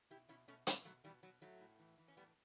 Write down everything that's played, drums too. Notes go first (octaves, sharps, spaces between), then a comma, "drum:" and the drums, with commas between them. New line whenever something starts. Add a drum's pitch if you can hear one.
B2 E4 G4
B2 C#4 E4
B2 A3 C#4
B2 G3 B3, drum: hi-hat
B2 F#3 A3
B2 E3 G3
B2 F#3
A2 F#3 A3
A2
E3
E3
C#4
A2 G3 B3